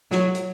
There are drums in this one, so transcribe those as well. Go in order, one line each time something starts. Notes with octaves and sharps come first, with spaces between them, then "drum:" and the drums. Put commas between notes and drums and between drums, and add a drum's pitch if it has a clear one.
F#3, drum: snare
drum: hi-hat